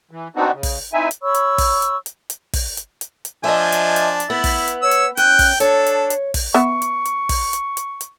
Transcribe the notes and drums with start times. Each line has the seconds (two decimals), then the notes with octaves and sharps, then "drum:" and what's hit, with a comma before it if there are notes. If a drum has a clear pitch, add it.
0.11 E3
0.36 B3 C4 D4 D#4 F#4
0.53 C#3
0.63 drum: kick, open hi-hat
0.93 C4 D#4 E4 E5 G#5
1.11 drum: hi-hat
1.22 C#5 B5 C#6 E6
1.34 drum: hi-hat
1.58 drum: kick, open hi-hat
1.82 drum: hi-hat
2.06 drum: hi-hat
2.30 drum: hi-hat
2.53 drum: kick, open hi-hat
2.77 drum: hi-hat
3.01 drum: hi-hat
3.25 drum: hi-hat
3.44 F3 D4 D#5 E5 G#5
3.72 drum: hi-hat
3.96 A6, drum: hi-hat
4.20 drum: hi-hat
4.30 B3 E4
4.44 drum: kick, open hi-hat
4.68 drum: hi-hat
4.82 C#5 E6
4.91 drum: hi-hat
5.17 C#4 G5 F#6, drum: hi-hat
5.39 drum: kick, open hi-hat
5.60 D4 A4 C#5, drum: hi-hat
5.86 drum: hi-hat
6.10 drum: hi-hat
6.34 drum: kick, open hi-hat
6.54 B3 E5 C#6
6.82 drum: hi-hat
7.05 drum: hi-hat
7.29 drum: kick, open hi-hat
7.53 drum: hi-hat
7.77 drum: hi-hat
8.01 drum: hi-hat